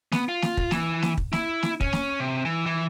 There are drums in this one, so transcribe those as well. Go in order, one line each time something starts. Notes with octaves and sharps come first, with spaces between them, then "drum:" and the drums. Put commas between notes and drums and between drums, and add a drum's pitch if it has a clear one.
B3, drum: snare
F4
drum: snare
drum: kick
E3, drum: snare
drum: snare
drum: kick
E4, drum: snare
drum: snare
C#4, drum: kick
drum: snare
C3
E3
E3